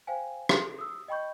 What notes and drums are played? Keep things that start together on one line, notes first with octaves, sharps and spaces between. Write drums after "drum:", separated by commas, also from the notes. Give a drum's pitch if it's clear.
C5 F5 G5 G#5
G#4 A4, drum: rim click
D#6 E6
D#5 G5 B5 C#6 G6